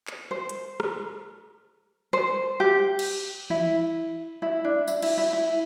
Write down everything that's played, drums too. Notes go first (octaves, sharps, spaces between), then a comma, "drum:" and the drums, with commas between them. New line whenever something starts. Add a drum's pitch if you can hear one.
drum: clap
C5
drum: hi-hat
drum: rim click
C5
G4
drum: cymbal
E4, drum: tom E3
E4
D4
E4, drum: tambourine
E4, drum: cymbal
E4
E4